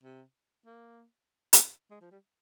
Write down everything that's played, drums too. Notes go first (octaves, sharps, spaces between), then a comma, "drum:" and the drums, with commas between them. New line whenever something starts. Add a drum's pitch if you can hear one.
C3
A#3
drum: hi-hat
G#3
F3
G3